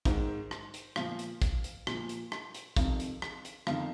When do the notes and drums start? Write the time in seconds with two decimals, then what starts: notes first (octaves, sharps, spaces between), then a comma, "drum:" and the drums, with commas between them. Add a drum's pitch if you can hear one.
0.05 G#2 D#3 C5, drum: kick, hi-hat
0.51 drum: rim click
0.74 drum: hi-hat
0.96 A#2 F3 F5, drum: rim click
1.19 drum: hi-hat
1.42 drum: kick, hi-hat
1.64 drum: hi-hat
1.87 A#2 F3, drum: rim click
2.09 drum: hi-hat
2.32 drum: rim click
2.54 drum: hi-hat
2.77 F2 C3 D#3 F5, drum: kick, hi-hat
3.00 drum: hi-hat
3.22 drum: rim click
3.45 drum: hi-hat
3.67 F2 D#3 F5, drum: rim click